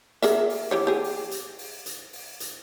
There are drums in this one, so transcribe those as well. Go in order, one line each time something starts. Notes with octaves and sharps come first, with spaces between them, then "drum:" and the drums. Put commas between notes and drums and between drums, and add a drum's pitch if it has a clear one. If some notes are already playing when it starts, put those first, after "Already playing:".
G#4 A#4 E5, drum: hi-hat
drum: open hi-hat
E3 G4 C#5
G4 G#4
drum: open hi-hat
drum: hi-hat
drum: open hi-hat
drum: hi-hat
drum: open hi-hat
drum: hi-hat